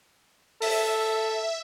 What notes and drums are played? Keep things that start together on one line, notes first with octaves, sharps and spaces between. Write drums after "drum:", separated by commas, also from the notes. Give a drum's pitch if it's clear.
A4 E5, drum: open hi-hat